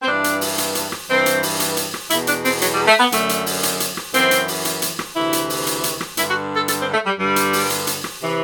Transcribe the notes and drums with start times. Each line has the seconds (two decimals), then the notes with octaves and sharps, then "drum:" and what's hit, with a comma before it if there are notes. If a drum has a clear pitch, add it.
0.01 C4
0.07 G2 E3 D4
0.24 drum: hi-hat
0.41 drum: open hi-hat
0.58 drum: hi-hat
0.75 drum: hi-hat
0.92 drum: rim click
1.09 G2 E3 C4
1.26 drum: hi-hat
1.43 drum: open hi-hat
1.60 drum: hi-hat
1.77 drum: hi-hat
1.94 drum: rim click
2.10 E2 B2 E4, drum: hi-hat
2.27 D4, drum: hi-hat
2.45 C4, drum: open hi-hat
2.62 F#3, drum: hi-hat
2.74 G3
2.87 A3
3.00 B3
3.12 F#2 D3 A3, drum: hi-hat
3.29 drum: hi-hat
3.46 drum: open hi-hat
3.63 drum: hi-hat
3.80 drum: hi-hat
3.97 drum: rim click
4.14 F#2 E3 C4, drum: hi-hat
4.31 drum: hi-hat
4.48 drum: open hi-hat
4.65 drum: hi-hat
4.82 drum: hi-hat
4.99 drum: rim click
5.16 D2 C3 E3 E4
5.33 drum: hi-hat
5.50 drum: open hi-hat
5.67 drum: hi-hat
5.84 drum: hi-hat
6.01 drum: rim click
6.17 G2 D3 E4, drum: hi-hat
6.30 F#4
6.56 A4
6.68 A4, drum: hi-hat
6.81 C4
6.94 A3
7.06 G3
7.19 G2 D3 G3
7.36 drum: hi-hat
7.53 drum: open hi-hat
7.70 drum: hi-hat
7.87 drum: hi-hat
8.04 drum: rim click
8.21 C3 E3